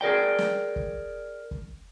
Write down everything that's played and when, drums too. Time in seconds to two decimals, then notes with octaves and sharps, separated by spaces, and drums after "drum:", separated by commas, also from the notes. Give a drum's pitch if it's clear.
0.01 G#4 A#4 D5 G5
0.38 drum: snare
0.76 drum: kick F#1
1.51 drum: kick F#1